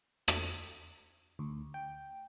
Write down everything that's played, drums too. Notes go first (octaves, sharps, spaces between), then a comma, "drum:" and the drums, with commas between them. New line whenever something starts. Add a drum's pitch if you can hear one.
drum: rim click
D2
G5